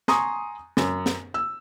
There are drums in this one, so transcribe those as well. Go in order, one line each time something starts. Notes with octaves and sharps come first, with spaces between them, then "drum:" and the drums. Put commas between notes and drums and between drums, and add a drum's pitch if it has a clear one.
G#5 A#5 C6 C#6 D#6, drum: snare
F#2, drum: snare
drum: snare
E6